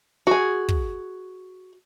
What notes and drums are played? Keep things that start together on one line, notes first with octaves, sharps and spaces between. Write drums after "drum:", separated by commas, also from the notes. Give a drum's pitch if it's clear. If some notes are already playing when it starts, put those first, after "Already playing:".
F#4 G#4
drum: kick